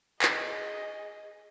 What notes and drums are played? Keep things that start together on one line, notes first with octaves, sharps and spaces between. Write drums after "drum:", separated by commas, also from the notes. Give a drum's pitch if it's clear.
G#4 D#5, drum: clap